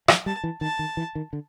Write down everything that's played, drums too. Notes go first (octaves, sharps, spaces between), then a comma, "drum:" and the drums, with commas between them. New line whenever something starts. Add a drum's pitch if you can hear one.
F3, drum: rim click
G3 A5
E3
D#3 A5
D#3
E3
D#3
D3